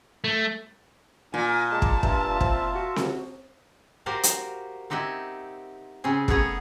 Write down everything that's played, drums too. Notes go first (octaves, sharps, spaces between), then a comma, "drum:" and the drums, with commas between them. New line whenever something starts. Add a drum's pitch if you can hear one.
A3
A#2 G#5
G#3 A5
drum: kick
G2 F4 E5, drum: kick
C4, drum: kick
F#4
drum: snare C4
F#4 G4 A#4 C5 D5 F5
drum: hi-hat
C4 D#4 G4 E5 F#5 G#5
C#3 C4 C#4 G#4
A3 B3 C#4 G#4 C#5 A#5, drum: kick